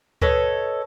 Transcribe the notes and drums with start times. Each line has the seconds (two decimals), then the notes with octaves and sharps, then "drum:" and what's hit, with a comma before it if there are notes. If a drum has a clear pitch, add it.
0.22 A4 B4 C#5 D#5, drum: kick C#2